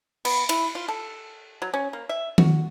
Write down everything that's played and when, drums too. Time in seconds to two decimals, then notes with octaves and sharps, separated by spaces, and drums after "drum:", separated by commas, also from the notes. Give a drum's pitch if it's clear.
0.25 B3, drum: cymbal
0.49 E4, drum: cymbal
0.75 F4
0.88 A4
1.62 F#3
1.74 C#4
1.93 A#3
2.09 E5
2.38 F#4, drum: tom D#3